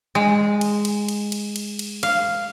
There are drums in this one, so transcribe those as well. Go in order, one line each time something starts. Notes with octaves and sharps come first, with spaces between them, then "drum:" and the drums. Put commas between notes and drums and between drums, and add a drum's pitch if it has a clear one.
G#3
drum: cymbal
drum: cymbal
drum: cymbal
drum: cymbal
drum: cymbal
drum: cymbal
F5, drum: cymbal